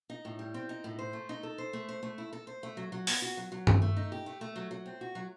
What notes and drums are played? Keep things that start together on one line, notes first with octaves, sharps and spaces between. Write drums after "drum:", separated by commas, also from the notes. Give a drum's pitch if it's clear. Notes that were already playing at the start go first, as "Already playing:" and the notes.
D#4
A2
G3
C4
D#4
A2
C5
A3
D#4
A4
C5
A3
C5
A3
E4
A4
C5
A3
F#3
F#3
B3, drum: open hi-hat
F#4
F#3
F#3
A3, drum: tom G2
A3
D#4
G4
A3
A3
F#3
F#3
C4
F#4
F#3